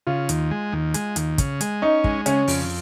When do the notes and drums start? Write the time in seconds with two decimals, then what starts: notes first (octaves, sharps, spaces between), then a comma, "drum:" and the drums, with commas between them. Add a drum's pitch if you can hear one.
0.07 C#3 F4
0.29 D#2, drum: hi-hat
0.51 G#3
0.73 D#2
0.94 G#3, drum: hi-hat
1.16 D#2, drum: hi-hat
1.38 C#3, drum: kick, hi-hat
1.61 G#3, drum: hi-hat
1.82 C#4 D#4
2.04 G#3, drum: kick
2.26 C#3 C#4, drum: hi-hat
2.48 F2, drum: open hi-hat